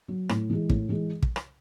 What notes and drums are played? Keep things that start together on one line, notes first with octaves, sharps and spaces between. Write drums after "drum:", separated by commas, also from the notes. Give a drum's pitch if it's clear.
F#3
A2, drum: rim click
E3 G#3
A2, drum: kick
E3 G#3
drum: kick
drum: rim click